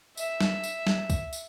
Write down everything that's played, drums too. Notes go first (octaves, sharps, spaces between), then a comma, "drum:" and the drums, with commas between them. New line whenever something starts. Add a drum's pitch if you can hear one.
E5, drum: tambourine
drum: snare
drum: tambourine
drum: snare
drum: kick C#2, tambourine
drum: tambourine